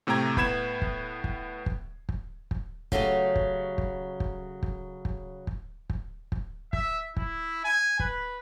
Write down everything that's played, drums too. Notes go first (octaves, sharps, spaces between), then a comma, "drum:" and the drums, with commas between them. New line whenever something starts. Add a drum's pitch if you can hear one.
A2 C3 A3 G5 A#5 G#6
A2 B3 B5 G#6 E7, drum: kick
drum: kick
drum: kick
drum: kick
drum: kick
drum: kick
C#3 F#3 A3 C#4 G4, drum: kick
drum: kick
drum: kick
drum: kick
drum: kick
drum: kick
drum: kick
drum: kick
drum: kick
E5, drum: kick
E4, drum: kick
G#5
B4, drum: kick